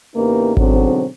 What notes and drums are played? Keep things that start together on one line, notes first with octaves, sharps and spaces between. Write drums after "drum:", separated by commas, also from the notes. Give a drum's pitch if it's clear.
E2 C#3 A#3 D#4 G4 B4
G#2 B2 D3 F#3 C4, drum: kick G#1